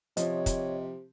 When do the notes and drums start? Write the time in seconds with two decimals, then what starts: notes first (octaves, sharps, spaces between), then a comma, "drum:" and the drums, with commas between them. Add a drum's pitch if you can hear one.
0.17 C3 F3 C#5 D#5, drum: hi-hat
0.46 drum: kick, hi-hat